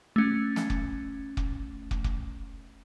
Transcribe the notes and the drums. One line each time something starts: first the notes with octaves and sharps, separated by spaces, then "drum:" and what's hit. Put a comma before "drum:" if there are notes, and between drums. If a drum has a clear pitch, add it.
A3 C#4
drum: snare
drum: kick
drum: kick
drum: kick
drum: kick